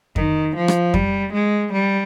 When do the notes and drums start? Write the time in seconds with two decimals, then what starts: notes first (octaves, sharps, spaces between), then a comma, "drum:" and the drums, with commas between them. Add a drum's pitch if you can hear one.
0.16 D#3, drum: kick F2
0.56 F3
0.68 drum: rim click
0.94 G3, drum: kick F2
1.33 G#3
1.73 G3